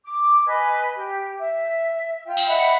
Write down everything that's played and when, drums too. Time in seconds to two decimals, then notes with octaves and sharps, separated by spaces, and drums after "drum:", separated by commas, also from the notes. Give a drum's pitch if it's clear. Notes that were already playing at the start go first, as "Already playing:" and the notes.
0.04 D6
0.46 B4 D#5 G#5
0.96 G4
1.38 E5
2.25 F4 G5
2.37 drum: cymbal
2.46 D#5 E5 F#5 B5